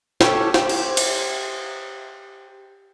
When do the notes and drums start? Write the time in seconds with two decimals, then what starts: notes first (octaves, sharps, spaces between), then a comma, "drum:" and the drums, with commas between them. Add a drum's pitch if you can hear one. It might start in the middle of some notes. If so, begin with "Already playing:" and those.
0.21 C#4 G4 A4, drum: snare
0.54 G4 C5, drum: snare
0.69 drum: cymbal
0.97 drum: cymbal